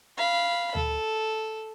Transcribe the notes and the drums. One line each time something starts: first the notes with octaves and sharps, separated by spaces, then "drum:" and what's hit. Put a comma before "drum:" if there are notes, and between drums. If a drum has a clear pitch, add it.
F5 B5
A4, drum: tom D2